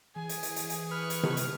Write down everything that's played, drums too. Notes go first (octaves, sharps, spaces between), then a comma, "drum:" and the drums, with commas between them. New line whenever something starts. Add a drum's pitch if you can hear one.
E3 G#4 G#5
drum: hi-hat
drum: hi-hat
drum: hi-hat
drum: hi-hat
B4 C#6 F6
drum: hi-hat
drum: tom C3
drum: hi-hat